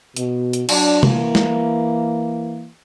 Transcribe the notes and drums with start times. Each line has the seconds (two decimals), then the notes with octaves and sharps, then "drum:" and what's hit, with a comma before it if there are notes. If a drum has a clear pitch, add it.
0.17 B2, drum: hi-hat
0.53 drum: hi-hat
0.69 F#3 D4, drum: cymbal
1.03 E3 A#3, drum: tom C3
1.35 drum: snare